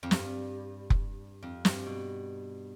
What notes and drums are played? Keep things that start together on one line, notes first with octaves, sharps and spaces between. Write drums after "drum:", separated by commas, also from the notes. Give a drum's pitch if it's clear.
F2
G2, drum: snare
drum: kick F1
F2
G2, drum: snare
B2